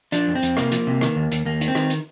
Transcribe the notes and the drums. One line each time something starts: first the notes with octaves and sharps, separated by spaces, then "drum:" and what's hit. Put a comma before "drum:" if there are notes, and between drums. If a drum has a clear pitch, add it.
F3 D4, drum: hi-hat
F2
C4
F2, drum: hi-hat
C3 A#3, drum: rim click
F3, drum: hi-hat
C3
D#3, drum: rim click
D#2
D#2, drum: hi-hat
D#2 A#3
D#3, drum: hi-hat
C4
D#3, drum: rim click
drum: hi-hat